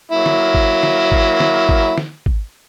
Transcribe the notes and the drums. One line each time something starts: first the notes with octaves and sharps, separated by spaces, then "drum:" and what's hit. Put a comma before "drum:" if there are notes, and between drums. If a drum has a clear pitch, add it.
F#3 A#3 E4
drum: snare
drum: kick G#1
drum: snare
drum: kick G#1
drum: snare
drum: kick G#1
drum: snare
drum: kick G#1